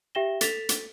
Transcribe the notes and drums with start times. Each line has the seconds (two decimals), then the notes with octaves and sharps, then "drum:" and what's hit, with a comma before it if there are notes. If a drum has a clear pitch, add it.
0.15 G4 E5 G5 A#6 E7 G7
0.41 A4 A6 B6 E7 F7, drum: hi-hat
0.69 drum: hi-hat